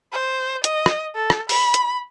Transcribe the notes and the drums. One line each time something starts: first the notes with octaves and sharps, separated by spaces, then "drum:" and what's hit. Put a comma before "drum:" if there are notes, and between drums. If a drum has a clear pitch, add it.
C5
D#5, drum: hi-hat
drum: rim click
A4
drum: rim click
B5, drum: open hi-hat
drum: hi-hat